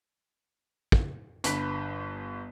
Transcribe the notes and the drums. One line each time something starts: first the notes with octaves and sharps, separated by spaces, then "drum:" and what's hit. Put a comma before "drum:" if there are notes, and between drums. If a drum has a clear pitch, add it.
drum: kick
G1 G2 B4 B6, drum: hi-hat